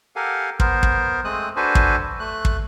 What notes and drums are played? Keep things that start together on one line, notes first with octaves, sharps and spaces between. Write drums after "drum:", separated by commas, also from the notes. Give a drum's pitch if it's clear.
G4 A4 A#4 F5 F#5 G#5
B3 A#4 C5, drum: kick
drum: kick
G#3 A3 C4 D#6 F#6
D4 F#4 A4 B4 C5 G#5
drum: kick
A3 F#6
drum: kick